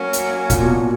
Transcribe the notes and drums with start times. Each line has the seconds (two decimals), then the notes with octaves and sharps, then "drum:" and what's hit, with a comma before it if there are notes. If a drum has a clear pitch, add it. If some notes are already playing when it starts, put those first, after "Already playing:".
Already playing: F#3 A#3 C#4
0.13 drum: hi-hat
0.50 A#2, drum: kick, hi-hat
0.62 B2
0.74 B2